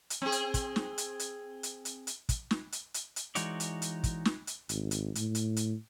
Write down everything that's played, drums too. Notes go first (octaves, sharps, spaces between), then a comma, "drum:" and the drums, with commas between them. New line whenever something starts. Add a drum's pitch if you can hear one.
drum: hi-hat
C4 G#4
drum: hi-hat
drum: kick, hi-hat
drum: snare
drum: hi-hat
drum: hi-hat
drum: hi-hat
drum: hi-hat
drum: hi-hat
drum: kick, hi-hat
drum: snare
drum: hi-hat
drum: hi-hat
drum: hi-hat
E3 G#3 D#4 F#4 C#5 D5, drum: hi-hat
drum: hi-hat
drum: hi-hat
drum: kick, hi-hat
drum: snare
drum: hi-hat
G#1, drum: hi-hat
drum: hi-hat
A2, drum: hi-hat
drum: hi-hat
drum: hi-hat